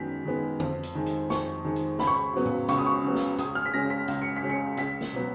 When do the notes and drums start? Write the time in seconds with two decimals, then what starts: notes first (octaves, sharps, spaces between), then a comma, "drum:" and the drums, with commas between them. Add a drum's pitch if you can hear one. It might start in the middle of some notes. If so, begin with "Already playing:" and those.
Already playing: F#2 D#3 G#3 B3 B6
0.25 D#3 G#3 B3
0.60 F2, drum: tom D3
0.83 drum: hi-hat
0.95 D#3 G#3
1.07 drum: hi-hat
1.30 F2 C#6, drum: snare
1.65 D#3 G#3
1.76 drum: hi-hat
1.99 C#2 B5, drum: snare
2.07 C#6
2.16 B5
2.34 C#3 F#3 B3
2.46 drum: tom A2
2.68 C#2 C#6, drum: hi-hat
2.78 D#6
2.86 C#6
3.03 C#3 F#3 B3
3.15 drum: snare
3.38 C#2 D#6, drum: hi-hat
3.55 F6
3.66 B6
3.74 C#3 G#3 C#4 A#6
3.90 B6
4.08 C#2, drum: hi-hat
4.22 C#7
4.36 B6
4.43 C#3 G#3 C#4
4.50 C#7
4.77 C#2 B6, drum: hi-hat
5.01 drum: snare
5.13 B2 F#3 B3